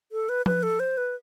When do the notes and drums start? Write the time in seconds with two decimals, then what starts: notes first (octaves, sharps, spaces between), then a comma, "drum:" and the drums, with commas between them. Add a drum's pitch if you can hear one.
0.12 A4
0.29 B4
0.46 B4, drum: tom F3
0.63 A4
0.79 C5
0.97 B4